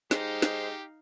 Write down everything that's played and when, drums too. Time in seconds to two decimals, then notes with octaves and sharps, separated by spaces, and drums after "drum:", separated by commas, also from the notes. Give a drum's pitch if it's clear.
0.11 G#3 D#4 G4 C5 F5, drum: snare
0.42 drum: snare